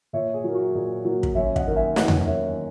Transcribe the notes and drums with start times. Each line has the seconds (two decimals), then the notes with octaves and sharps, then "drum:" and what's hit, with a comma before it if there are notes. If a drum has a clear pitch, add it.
0.13 A#2 C#5 E5
0.34 G#4
0.44 F#3 A#3
0.54 F#4
0.74 A#2 G#4
1.05 F#3 A#3
1.23 drum: kick
1.35 F#2 C#5 E5
1.56 D#5 F#5, drum: kick
1.67 D#3 A#3
1.76 E5 G#5
1.96 F#2 D#5 F#5, drum: snare
2.08 drum: tom E2
2.27 D#3 A#3 C#5 E5